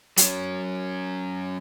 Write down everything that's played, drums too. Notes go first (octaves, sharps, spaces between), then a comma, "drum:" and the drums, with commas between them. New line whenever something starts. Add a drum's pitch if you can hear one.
F#3 C#4, drum: hi-hat